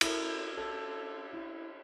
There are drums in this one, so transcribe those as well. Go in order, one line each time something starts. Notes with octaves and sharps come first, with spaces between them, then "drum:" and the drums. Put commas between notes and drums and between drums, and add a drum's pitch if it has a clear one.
E4 A4 A#4, drum: cymbal
A4
E4